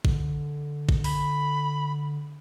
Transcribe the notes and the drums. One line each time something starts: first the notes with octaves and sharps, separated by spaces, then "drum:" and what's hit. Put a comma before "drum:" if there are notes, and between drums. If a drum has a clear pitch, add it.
D3, drum: kick A1
drum: kick A1
B5, drum: open hi-hat